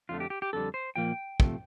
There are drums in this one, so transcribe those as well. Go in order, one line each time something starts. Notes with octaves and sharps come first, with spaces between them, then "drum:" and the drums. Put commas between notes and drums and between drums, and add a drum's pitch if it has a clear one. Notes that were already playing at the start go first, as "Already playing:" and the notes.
F2 D3 A3 F4
G4
G4
G4
F2 D3 G3 A4
C5
A#2 F3 A#3 G5
C3 F3 A3, drum: kick